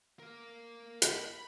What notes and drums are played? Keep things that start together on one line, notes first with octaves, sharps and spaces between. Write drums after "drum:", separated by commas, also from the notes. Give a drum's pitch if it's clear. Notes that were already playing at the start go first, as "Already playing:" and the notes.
A#4 F5
B5, drum: hi-hat